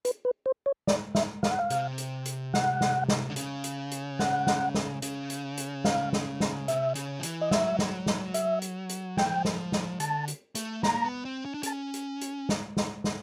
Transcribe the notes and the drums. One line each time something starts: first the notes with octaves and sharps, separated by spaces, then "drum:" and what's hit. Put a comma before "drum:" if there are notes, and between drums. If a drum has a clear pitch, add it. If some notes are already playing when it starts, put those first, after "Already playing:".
B4, drum: hi-hat
B4
C5
C#5
D5, drum: snare
E5, drum: snare
F5, drum: snare
F#5
F5
C3, drum: hi-hat
drum: hi-hat
drum: hi-hat
F#5, drum: snare
drum: snare
drum: snare
D3
C#3, drum: hi-hat
drum: hi-hat
drum: hi-hat
F#5, drum: snare
drum: snare
drum: snare
C#3, drum: hi-hat
drum: hi-hat
drum: hi-hat
F5, drum: snare
drum: snare
drum: snare
C3 E5, drum: hi-hat
C#3, drum: hi-hat
F3
E3, drum: hi-hat
D#5
F#3 E5, drum: snare
drum: snare
drum: snare
E5, drum: hi-hat
drum: hi-hat
drum: hi-hat
F3 G5, drum: snare
E3
F3
drum: snare
drum: snare
D3 A5, drum: hi-hat
drum: hi-hat
A3, drum: hi-hat
A#3 A#5, drum: snare
B3
C4
C#4
D4
C#4 A5, drum: hi-hat
drum: hi-hat
drum: hi-hat
drum: snare
drum: snare
drum: snare